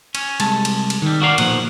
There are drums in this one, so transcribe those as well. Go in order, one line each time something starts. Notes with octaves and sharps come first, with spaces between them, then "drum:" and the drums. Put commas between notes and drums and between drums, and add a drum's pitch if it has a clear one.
C#4, drum: cymbal
C2 G#3 A5, drum: cymbal
drum: cymbal
drum: cymbal
D#3 G3
F#4 A#4 D5 F5
B1 A#2 F3 F#5, drum: cymbal